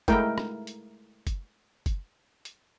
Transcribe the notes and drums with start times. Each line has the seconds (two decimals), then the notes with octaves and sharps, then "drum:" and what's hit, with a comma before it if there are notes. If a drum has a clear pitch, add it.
0.08 G#3 A3 E4 A#4 G5, drum: kick F#1, hi-hat
0.38 drum: rim click
0.67 drum: hi-hat
1.27 drum: kick F#1, hi-hat
1.86 drum: kick F#1, hi-hat
2.45 drum: hi-hat